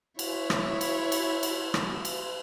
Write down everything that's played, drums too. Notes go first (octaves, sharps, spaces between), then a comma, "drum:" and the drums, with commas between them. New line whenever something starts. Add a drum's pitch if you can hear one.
E4 C#5, drum: cymbal
drum: rim click
drum: cymbal
drum: cymbal
drum: cymbal
drum: rim click
drum: cymbal